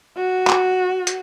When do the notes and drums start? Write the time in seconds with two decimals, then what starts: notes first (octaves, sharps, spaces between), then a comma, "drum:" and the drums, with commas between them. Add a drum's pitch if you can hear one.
0.17 F#4
0.47 drum: clap
1.07 drum: hi-hat